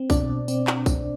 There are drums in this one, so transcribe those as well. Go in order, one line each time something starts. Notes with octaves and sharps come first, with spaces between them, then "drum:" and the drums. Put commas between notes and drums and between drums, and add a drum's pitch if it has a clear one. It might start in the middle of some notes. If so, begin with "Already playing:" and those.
Already playing: C4
B2 D4 D5, drum: kick A#1, tambourine
B2
C4, drum: tambourine
drum: clap
drum: kick A#1, tambourine